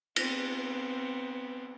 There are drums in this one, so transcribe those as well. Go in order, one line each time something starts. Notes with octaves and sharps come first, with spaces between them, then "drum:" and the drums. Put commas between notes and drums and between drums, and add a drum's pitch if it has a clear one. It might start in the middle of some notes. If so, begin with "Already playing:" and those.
B3 C4, drum: cymbal